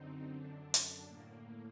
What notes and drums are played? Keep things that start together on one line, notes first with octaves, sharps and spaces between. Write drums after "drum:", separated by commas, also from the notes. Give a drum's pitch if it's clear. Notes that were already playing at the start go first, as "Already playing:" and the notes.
Already playing: F#2 D3 C4 D#4
F#2 D3 D4
drum: hi-hat
A2 A#3